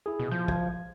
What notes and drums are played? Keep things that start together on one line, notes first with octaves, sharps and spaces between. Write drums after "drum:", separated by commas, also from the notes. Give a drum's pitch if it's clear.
E4 G#4
B2
F3 G6
G#6, drum: kick